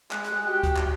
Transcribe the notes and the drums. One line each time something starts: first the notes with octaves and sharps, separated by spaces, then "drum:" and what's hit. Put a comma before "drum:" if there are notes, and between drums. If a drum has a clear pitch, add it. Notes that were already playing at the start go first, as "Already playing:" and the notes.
G#3 F#6, drum: clap
drum: hi-hat
F#4 G4 G5
drum: kick C#2, hi-hat
drum: clap